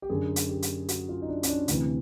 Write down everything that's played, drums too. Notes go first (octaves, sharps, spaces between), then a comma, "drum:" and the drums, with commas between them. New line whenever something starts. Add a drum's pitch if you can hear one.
G4
F#2 D3 G#4
drum: hi-hat
G4
drum: hi-hat
F#4, drum: hi-hat
F4
D#4
D4
C#4, drum: hi-hat
D4
D2 C3 E3, drum: hi-hat